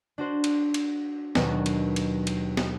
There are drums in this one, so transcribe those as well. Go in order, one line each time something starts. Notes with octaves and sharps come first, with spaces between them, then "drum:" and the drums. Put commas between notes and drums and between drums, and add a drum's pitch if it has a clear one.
D4 F#4 C5
drum: cymbal
drum: cymbal
D#2 B2 F#3 B3 D4, drum: snare
drum: cymbal
drum: cymbal
drum: cymbal
drum: snare